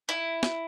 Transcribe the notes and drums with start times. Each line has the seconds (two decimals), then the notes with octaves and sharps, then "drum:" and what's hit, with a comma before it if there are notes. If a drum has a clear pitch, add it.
0.09 E4
0.43 drum: snare